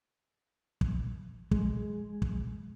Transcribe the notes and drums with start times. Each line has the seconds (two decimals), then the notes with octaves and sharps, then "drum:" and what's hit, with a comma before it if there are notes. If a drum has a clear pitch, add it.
0.81 drum: kick
1.51 G#3, drum: kick
2.22 drum: kick